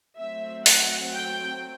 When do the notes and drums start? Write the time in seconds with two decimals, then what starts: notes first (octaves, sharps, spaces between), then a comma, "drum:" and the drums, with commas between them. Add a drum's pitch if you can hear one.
0.18 F#3 A3 C4 E5
0.66 F#5, drum: open hi-hat
1.13 G5